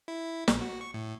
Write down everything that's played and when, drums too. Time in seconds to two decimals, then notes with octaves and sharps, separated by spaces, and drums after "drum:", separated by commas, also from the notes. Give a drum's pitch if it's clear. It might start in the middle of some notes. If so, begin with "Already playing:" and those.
0.08 E4
0.48 A#1, drum: snare
0.61 F#4
0.81 C#6
0.94 A2